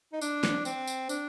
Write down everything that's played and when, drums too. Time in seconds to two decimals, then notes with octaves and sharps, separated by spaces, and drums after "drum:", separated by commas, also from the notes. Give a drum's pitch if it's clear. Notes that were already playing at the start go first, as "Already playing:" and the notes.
0.13 D#4
0.21 D4, drum: tambourine
0.44 drum: snare
0.65 C4, drum: tambourine
0.87 drum: tambourine
1.09 D4, drum: tambourine